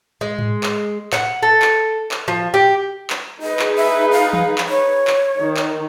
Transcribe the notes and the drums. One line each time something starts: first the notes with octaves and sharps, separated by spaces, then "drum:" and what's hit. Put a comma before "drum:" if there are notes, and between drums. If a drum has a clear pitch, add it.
G#3
drum: tom G#2
drum: clap
F#5, drum: clap
A4
drum: clap
drum: clap
F3
G4
drum: clap
D#4 G#4 B4 D#5
drum: clap
E5
F5
drum: tom E3
drum: clap
C#5
drum: clap
D#3
drum: clap